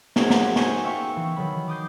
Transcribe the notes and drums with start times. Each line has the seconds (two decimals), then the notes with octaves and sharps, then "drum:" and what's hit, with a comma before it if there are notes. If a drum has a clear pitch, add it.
0.16 C#4 D#4 G#4 A#4 C5 F#5, drum: snare
0.30 drum: snare
0.56 C5 G#5 C#6, drum: snare
0.84 E5 F5 G5 C#6 E6
1.16 E3
1.36 D#3 F#3 B5
1.68 D6 D#6 G6 C7